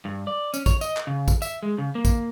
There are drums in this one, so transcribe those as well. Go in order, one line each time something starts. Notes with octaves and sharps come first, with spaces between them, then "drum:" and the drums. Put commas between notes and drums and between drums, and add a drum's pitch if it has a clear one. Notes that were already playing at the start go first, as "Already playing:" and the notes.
G2
D5
C#4, drum: tambourine
C#5, drum: kick, tambourine
D#5, drum: tambourine
drum: clap
C#3
drum: kick, tambourine
E5, drum: tambourine
G#3
C#3
A#3
drum: kick, tambourine